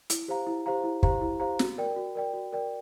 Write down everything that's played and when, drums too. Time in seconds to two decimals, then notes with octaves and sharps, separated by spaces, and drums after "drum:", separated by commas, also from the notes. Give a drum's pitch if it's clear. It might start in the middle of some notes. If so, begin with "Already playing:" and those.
0.10 E4, drum: hi-hat
0.28 G4 C5 F5 A#5
0.47 E4
0.66 G4 C5 F5 A#5
0.84 E4
1.03 G4 C5 F5 A#5, drum: kick
1.21 E4
1.40 G4 C5 F5 A#5
1.59 F#4, drum: snare
1.78 A#4 D5 G5
1.96 F#4
2.15 A#4 D5 G5
2.33 F#4
2.52 A#4 D5 G5